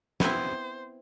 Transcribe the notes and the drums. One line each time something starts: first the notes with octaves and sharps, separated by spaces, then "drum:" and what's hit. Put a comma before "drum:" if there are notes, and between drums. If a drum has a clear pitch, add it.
B3 C4 E4 C5, drum: snare